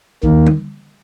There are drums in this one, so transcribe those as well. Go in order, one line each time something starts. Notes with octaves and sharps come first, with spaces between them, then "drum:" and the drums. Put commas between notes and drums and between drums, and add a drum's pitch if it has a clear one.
D#2 D#3 A#3, drum: kick B1
drum: tom D3